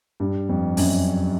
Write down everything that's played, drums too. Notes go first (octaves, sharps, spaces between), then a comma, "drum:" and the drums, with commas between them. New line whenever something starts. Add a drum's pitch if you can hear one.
G2
F2
F#2, drum: open hi-hat